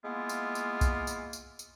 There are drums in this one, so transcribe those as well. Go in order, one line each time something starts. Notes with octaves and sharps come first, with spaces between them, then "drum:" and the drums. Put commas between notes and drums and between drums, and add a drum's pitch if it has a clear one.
G#3 A#3 B3 E4 F4
drum: tambourine
drum: tambourine
drum: kick B1, tambourine
drum: tambourine
drum: tambourine
drum: tambourine